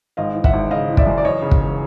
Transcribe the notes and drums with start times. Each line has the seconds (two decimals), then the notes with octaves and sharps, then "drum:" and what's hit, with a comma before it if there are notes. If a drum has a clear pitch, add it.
0.17 G#1 D#5 F5
0.35 E3
0.44 E5 F#5, drum: kick
0.53 G#1
0.70 C#3 D#5 F5
0.89 E3
0.97 D5 E5, drum: kick
1.06 F#2
1.18 D5
1.24 E3 C#5 D#5
1.42 C#3
1.51 drum: kick
1.61 E1